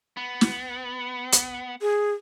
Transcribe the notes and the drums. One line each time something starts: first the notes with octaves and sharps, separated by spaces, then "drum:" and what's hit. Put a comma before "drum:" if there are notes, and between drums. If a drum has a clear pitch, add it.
B3
drum: snare
drum: hi-hat
G#4